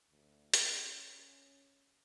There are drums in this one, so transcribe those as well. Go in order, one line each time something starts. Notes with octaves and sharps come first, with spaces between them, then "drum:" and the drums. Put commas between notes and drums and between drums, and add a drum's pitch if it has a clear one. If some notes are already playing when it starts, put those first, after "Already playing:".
D2
C#4, drum: hi-hat